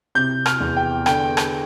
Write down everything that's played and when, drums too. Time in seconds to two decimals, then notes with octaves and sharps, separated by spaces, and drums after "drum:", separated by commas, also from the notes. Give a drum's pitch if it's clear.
0.15 C3 G6
0.46 F6, drum: rim click
0.60 E2
0.77 G5
1.06 D3 G5, drum: rim click
1.37 drum: rim click